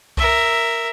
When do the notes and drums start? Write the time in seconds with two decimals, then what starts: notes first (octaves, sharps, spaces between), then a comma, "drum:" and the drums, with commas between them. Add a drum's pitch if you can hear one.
0.17 A#4 E5, drum: kick C2